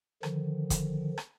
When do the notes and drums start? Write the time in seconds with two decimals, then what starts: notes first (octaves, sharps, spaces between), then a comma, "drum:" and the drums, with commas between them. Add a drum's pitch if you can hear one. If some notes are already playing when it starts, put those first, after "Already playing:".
0.23 D3 D#3 F3, drum: rim click
0.70 drum: kick, hi-hat
1.18 drum: rim click